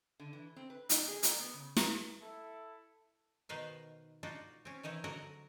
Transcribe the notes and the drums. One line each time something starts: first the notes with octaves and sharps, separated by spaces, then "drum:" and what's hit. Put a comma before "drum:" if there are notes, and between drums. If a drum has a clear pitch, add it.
D3
E3
C4
B4
D#4, drum: hi-hat
G#4
A#4, drum: hi-hat
B3
C#3
A#5, drum: snare
E4 A4
B2 D#3 D#4 B4 C5 F5
D4 D#4 F4 F#4
C4 C#4
D#3 E3 D#4 E4
D3 F#3 F#4 A#4 D#5